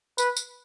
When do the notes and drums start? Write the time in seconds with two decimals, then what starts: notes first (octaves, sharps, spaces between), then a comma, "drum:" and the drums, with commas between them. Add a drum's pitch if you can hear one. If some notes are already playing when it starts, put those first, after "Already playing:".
0.18 B4, drum: tambourine
0.37 drum: tambourine